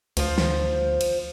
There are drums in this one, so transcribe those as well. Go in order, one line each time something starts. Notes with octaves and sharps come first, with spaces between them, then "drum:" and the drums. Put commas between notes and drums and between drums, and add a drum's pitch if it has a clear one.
D2 F3 C5, drum: cymbal
drum: snare
drum: cymbal